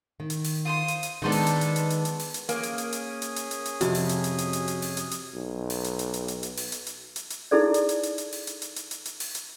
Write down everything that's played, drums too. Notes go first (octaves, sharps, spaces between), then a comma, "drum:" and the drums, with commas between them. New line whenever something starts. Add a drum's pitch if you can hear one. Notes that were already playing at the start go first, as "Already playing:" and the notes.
D#3
drum: hi-hat
drum: open hi-hat
F4 C5 C6 D#6
drum: hi-hat
drum: hi-hat
D#3 G#3 B3 D4 D#4 A4 C5 D5
drum: open hi-hat
drum: hi-hat
drum: hi-hat
drum: hi-hat
drum: hi-hat
drum: hi-hat
drum: open hi-hat
drum: hi-hat
A#3 C#4 G#4 D#6, drum: hi-hat
drum: hi-hat
drum: hi-hat
drum: hi-hat
drum: hi-hat
drum: hi-hat
drum: hi-hat
drum: hi-hat
F2 C3 F#4, drum: hi-hat
drum: open hi-hat
drum: hi-hat
drum: hi-hat
drum: hi-hat
drum: hi-hat
drum: hi-hat
drum: open hi-hat
drum: hi-hat
drum: hi-hat
B1
drum: open hi-hat
drum: hi-hat
drum: hi-hat
drum: hi-hat
drum: hi-hat
drum: hi-hat
drum: open hi-hat
drum: hi-hat
drum: hi-hat
drum: hi-hat
drum: hi-hat
D#4 E4 G#4 A4 D5
drum: hi-hat
drum: hi-hat
drum: hi-hat
drum: hi-hat
drum: open hi-hat
drum: hi-hat
drum: hi-hat
drum: hi-hat
drum: hi-hat
drum: hi-hat
drum: open hi-hat
drum: hi-hat